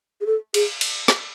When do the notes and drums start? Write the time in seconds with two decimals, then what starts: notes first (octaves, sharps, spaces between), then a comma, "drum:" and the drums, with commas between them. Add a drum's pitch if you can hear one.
0.21 G#4
0.26 A4
0.54 G#4, drum: cymbal
0.81 drum: cymbal
1.08 drum: snare